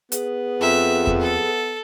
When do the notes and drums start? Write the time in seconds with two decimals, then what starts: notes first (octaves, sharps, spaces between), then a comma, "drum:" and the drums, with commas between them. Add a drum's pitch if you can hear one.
0.12 B3 G#4, drum: hi-hat
0.61 F2 E5
1.07 drum: kick E2
1.21 A4